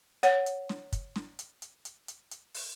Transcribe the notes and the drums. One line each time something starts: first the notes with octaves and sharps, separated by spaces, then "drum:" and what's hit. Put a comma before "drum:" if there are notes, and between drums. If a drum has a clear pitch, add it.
C#5 F#5, drum: hi-hat
drum: hi-hat
drum: snare
drum: kick, hi-hat
drum: snare
drum: hi-hat
drum: hi-hat
drum: hi-hat
drum: hi-hat
drum: hi-hat
drum: open hi-hat